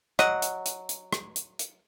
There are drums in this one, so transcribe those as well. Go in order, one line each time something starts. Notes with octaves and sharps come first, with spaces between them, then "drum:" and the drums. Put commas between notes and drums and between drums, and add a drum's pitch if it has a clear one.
F#3 D#5 F#5, drum: rim click
drum: hi-hat
drum: hi-hat
drum: hi-hat
drum: rim click
drum: hi-hat
drum: hi-hat